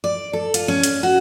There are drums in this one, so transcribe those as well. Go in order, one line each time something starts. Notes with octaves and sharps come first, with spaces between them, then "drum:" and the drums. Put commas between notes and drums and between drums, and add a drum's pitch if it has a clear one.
D5
A4
F4, drum: hi-hat
C#4
drum: hi-hat
F#4